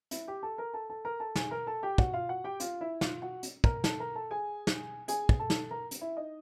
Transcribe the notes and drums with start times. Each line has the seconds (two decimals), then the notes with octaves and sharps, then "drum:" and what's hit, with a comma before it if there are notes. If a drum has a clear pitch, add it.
0.11 E4 E5, drum: hi-hat
0.27 G4 G5
0.43 A4 A5
0.58 A#4 A#5
0.74 A4 A5
0.90 A4 A5
1.05 A#4 A#5
1.20 A4 A5
1.35 G#4 G#5, drum: snare
1.51 A#4 A#5
1.67 A4 A5
1.83 G4 G5
1.98 F#4 F#5, drum: kick
2.13 F4 F5
2.29 F#4 F#5
2.44 G4 G5
2.60 F4 F5, drum: hi-hat
2.81 E4 E5
3.01 F4 F5, drum: snare
3.22 F#4 F#5
3.43 drum: hi-hat
3.64 A#4 A#5, drum: kick
3.84 A4 A5, drum: snare
3.99 A#4 A#5
4.15 A4 A5
4.31 G#4 G#5
4.67 drum: snare
5.08 G#4 G#5, drum: hi-hat
5.29 drum: kick
5.39 A4 A5
5.50 drum: snare
5.70 A#4 A#5
5.91 drum: hi-hat
6.01 E4 E5
6.17 D#4 D#5